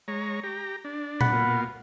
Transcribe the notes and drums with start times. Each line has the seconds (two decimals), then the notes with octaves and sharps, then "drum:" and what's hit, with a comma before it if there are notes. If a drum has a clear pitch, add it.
0.08 G#3 C#5 A#5
0.44 G4 A#5
0.85 D4
1.21 F#5 B5, drum: tom A#2
1.33 B2 A#3 F4